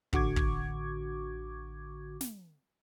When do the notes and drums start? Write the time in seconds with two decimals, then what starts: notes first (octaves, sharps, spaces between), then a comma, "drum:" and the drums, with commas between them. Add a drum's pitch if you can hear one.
0.13 A1 D3 F#4 C#6 D6 G#6, drum: kick
0.36 drum: kick
2.21 drum: snare